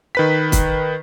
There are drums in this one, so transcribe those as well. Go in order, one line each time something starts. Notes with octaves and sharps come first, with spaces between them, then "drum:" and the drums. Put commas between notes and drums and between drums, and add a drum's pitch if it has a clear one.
D#3 B4 B6
drum: kick, hi-hat